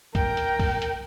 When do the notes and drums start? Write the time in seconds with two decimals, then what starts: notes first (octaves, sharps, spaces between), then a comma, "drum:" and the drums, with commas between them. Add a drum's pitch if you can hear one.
0.15 A#4 G5, drum: kick, hi-hat
0.37 drum: hi-hat
0.59 drum: kick, open hi-hat
0.82 drum: hi-hat